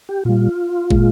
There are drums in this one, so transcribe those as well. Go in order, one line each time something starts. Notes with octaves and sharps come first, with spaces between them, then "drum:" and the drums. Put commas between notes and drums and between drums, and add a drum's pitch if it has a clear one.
G4
A#2 G3 F4
A#2 G#3, drum: kick